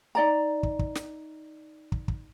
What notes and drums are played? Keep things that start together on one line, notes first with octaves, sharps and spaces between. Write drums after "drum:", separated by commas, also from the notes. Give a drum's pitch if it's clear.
D#4 D5 A#5
drum: kick
drum: kick
drum: snare
drum: kick
drum: kick